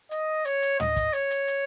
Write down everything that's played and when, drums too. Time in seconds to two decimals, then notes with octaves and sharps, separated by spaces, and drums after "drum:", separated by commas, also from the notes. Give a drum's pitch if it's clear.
0.11 D#5, drum: hi-hat
0.45 C#5, drum: hi-hat
0.62 drum: hi-hat
0.80 D#5, drum: tom
0.96 drum: kick, hi-hat
1.13 C#5, drum: hi-hat
1.31 drum: hi-hat
1.48 drum: hi-hat